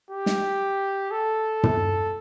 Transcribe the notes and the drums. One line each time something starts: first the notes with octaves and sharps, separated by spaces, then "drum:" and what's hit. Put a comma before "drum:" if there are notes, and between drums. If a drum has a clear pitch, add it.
G4
drum: snare
A4
drum: tom